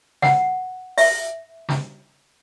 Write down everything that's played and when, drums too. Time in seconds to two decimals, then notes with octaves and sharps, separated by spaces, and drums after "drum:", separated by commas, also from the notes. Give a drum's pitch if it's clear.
0.22 F#5, drum: snare
0.98 E5, drum: open hi-hat
1.69 drum: snare